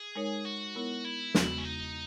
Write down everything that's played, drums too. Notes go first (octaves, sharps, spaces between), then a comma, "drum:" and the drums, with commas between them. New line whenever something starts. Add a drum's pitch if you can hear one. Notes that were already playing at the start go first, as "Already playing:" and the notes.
Already playing: G#4
G#3 D#4 A#4 C#5
F#4
G#3 B3 E4 A#4 C#5
E4
E2 C#3 G#3 B3 F#4, drum: snare
C#4
D#4